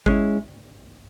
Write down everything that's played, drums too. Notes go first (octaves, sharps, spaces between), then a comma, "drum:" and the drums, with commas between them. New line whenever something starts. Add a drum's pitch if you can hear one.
G#3 C#4 E4, drum: kick G#1